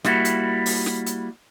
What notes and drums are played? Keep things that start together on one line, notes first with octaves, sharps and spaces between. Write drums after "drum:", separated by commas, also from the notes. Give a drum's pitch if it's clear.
G3 A#3 E4 F#4, drum: snare
drum: hi-hat
drum: open hi-hat
drum: snare
drum: hi-hat